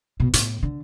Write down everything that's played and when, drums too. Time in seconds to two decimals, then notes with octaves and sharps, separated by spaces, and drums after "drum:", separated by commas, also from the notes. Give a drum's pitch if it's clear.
0.20 B2
0.33 A2, drum: hi-hat
0.63 D3